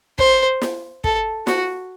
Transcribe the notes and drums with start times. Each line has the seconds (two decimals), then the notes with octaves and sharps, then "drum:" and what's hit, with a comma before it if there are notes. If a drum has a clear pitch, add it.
0.19 C5, drum: kick
0.62 drum: snare
1.04 A4, drum: kick
1.47 F#4, drum: snare